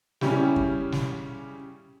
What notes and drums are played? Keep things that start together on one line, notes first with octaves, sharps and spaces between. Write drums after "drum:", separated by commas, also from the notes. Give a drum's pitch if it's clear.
C#3 G3 C#4 E4 G4, drum: snare
drum: kick F#2
drum: snare